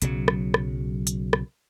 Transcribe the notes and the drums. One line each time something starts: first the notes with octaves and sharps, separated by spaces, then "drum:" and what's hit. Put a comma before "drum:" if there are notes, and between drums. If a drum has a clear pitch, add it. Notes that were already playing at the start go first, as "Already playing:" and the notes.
B1 C#3 F#3, drum: hi-hat
drum: rim click
drum: rim click
drum: hi-hat
drum: rim click